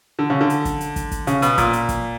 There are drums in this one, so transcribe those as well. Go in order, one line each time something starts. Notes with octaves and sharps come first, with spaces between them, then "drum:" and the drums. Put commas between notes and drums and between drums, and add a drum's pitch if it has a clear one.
D3
C#3
D3
drum: hi-hat
drum: kick, hi-hat
drum: hi-hat
drum: kick, hi-hat
drum: kick, hi-hat
C#3, drum: hi-hat
B2, drum: hi-hat
A#2, drum: kick, hi-hat
drum: hi-hat
drum: kick, hi-hat